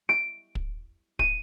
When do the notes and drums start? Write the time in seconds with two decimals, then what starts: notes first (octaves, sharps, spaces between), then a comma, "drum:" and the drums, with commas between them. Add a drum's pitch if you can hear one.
0.09 D7
0.55 drum: kick
1.19 D#7, drum: kick